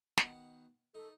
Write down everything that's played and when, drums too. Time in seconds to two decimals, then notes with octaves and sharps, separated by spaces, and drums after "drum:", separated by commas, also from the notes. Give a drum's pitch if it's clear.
0.17 B2 D#3 F#5, drum: snare
0.95 D#4 A4